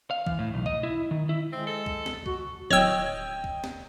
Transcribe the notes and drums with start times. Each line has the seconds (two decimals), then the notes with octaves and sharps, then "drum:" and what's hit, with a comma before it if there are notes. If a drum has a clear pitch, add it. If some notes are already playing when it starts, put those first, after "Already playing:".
0.11 F5
0.27 E3, drum: kick
0.39 A2
0.54 B1
0.66 D#5, drum: kick
0.83 E4
1.11 D#3
1.29 E4
1.52 G#3 C4
1.67 A4
1.86 drum: kick
2.06 drum: snare
2.26 F#4, drum: kick
2.71 D1 C#5 D#5 G5 E6
3.44 drum: kick
3.64 drum: snare